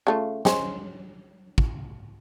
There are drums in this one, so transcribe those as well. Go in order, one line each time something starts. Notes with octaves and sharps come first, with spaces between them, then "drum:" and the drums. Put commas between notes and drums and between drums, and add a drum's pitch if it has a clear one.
C#3 A3 F4
G#3 C#4 C5, drum: snare
drum: kick